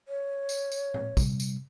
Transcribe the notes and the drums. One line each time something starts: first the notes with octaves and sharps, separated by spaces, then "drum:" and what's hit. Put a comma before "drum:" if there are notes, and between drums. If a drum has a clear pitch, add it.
C#5
drum: tambourine
drum: tambourine
drum: tom A2
C3 G3, drum: kick, tambourine
drum: tambourine